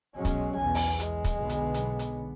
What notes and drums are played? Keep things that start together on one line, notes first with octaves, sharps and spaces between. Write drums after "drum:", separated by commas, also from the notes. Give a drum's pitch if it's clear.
B1 F#3 G#3 C#4
drum: kick, hi-hat
B1 E2 G#5
drum: open hi-hat
G#3, drum: hi-hat
drum: kick, hi-hat
B1 D3 B3
drum: hi-hat
drum: hi-hat
drum: hi-hat